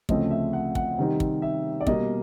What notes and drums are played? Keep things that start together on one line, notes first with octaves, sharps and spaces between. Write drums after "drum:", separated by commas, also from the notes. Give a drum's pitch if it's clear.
D2 C#3 F3 A3 C4 D#5, drum: kick
E5
F#5
F#5, drum: kick
C3 D#3 G3 C4 D#4
drum: kick
E5
D5
B2 G3 A#3 D#5, drum: kick